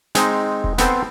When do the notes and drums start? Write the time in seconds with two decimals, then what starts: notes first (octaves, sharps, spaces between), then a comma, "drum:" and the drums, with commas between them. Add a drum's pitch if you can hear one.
0.15 G#3 C4 D#4, drum: snare
0.64 drum: kick E1
0.78 B3 C4 A4 C5, drum: snare